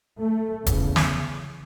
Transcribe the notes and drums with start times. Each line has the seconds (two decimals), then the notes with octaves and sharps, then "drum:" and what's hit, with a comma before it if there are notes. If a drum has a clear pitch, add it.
0.21 A3
0.66 E2 C#3, drum: kick D#1, hi-hat
0.96 drum: snare